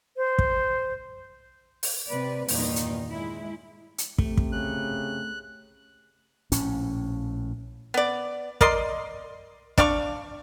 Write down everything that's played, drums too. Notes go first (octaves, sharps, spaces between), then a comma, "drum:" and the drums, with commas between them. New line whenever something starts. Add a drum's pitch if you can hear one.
C5
drum: kick
drum: open hi-hat
C3 B4 D5
E2 G2 A#2 D#3 D#4, drum: open hi-hat
drum: hi-hat
G#3 E4
drum: hi-hat
C3 A3, drum: kick
drum: kick
C#3 F#6
A#1 A2 C#4, drum: hi-hat
B3 D5
A#4 D5 D#5 C6, drum: kick
D4 D5 F5 C#6, drum: kick